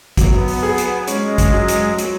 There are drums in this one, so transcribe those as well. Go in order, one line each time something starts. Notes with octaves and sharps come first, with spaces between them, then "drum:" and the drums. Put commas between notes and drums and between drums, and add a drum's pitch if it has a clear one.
F#3 B3, drum: kick G#1, hi-hat
drum: open hi-hat
G#4
drum: hi-hat
G#3 C#4, drum: hi-hat
drum: kick G#1, hi-hat
F#3
drum: hi-hat
F#3, drum: hi-hat